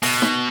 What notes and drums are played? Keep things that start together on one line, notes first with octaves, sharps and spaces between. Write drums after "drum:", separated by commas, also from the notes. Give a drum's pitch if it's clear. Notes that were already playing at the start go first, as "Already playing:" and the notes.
B2, drum: open hi-hat
drum: snare D#4